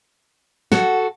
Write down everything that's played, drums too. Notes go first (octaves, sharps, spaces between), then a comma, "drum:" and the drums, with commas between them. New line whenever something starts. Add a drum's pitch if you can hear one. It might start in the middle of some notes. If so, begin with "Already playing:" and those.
F#4 A4 F#5, drum: snare